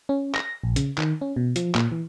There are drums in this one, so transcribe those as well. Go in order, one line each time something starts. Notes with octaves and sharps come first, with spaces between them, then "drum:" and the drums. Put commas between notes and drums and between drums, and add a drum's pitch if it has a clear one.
C#4
A#6, drum: clap
A#1
C#3, drum: hi-hat
D#3, drum: clap
C#4
B2
F3, drum: hi-hat
A#2, drum: clap
E3